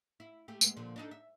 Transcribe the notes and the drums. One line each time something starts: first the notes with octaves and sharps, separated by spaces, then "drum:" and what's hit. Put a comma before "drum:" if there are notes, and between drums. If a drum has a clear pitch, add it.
E4
A3 G4
G#3 B3, drum: tambourine
A#2 D3 F3
D4 D#4 A4
E5